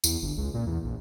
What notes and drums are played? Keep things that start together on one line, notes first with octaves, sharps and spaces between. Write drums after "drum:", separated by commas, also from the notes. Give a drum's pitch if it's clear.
E2, drum: tambourine
G1
C#2
A#2
E2
A#1